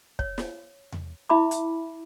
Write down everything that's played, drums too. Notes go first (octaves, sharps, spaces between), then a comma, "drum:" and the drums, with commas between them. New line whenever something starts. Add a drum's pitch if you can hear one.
C#5, drum: kick
drum: snare
drum: tom E2
E4 E5 B5 D6
drum: hi-hat